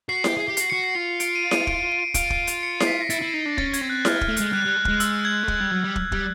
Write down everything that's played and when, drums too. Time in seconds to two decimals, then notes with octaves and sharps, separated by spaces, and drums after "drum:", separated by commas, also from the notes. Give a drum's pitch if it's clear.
0.09 F#4 C7
0.24 G4 C7, drum: snare E4
0.37 G#4 C7
0.48 G4
0.57 F#4 C7, drum: hi-hat
0.70 F#4 C#7
0.84 C7
0.96 F4
1.20 D7, drum: hi-hat
1.35 D#7
1.51 D#7, drum: snare E4
1.67 D7, drum: kick
1.92 D7
2.14 F4 D7, drum: kick, hi-hat
2.30 D7, drum: kick
2.47 D7, drum: hi-hat
2.63 C#7
2.80 C7, drum: snare E4
2.87 B6
3.01 A#6
3.10 E4 A6, drum: hi-hat
3.22 E4
3.34 D#4
3.46 D4 A#6
3.58 C#4 A6, drum: kick
3.73 G#6, drum: hi-hat
3.82 C4
3.90 F#6
4.05 B3 F6, drum: snare E4
4.21 F6, drum: kick
4.28 A3
4.37 F6, drum: hi-hat
4.40 G#3
4.52 G3 F#6
4.65 G3 F#6
4.76 G#3
4.85 F#6, drum: kick
4.89 G#3
5.00 E6, drum: hi-hat
5.25 G#6
5.44 A3
5.48 G#3, drum: kick
5.60 G3
5.71 F#3
5.84 G3
5.96 drum: kick
6.12 G3, drum: kick